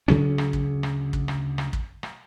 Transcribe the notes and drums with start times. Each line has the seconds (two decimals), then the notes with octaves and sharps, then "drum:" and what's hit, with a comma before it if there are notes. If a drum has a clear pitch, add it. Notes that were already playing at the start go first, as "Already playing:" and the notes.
0.08 D2 C#3 F#3 C#4, drum: rim click
0.38 drum: rim click
0.53 drum: kick
0.83 drum: rim click
1.13 drum: kick
1.28 drum: rim click
1.58 drum: rim click
1.73 drum: kick
2.03 drum: rim click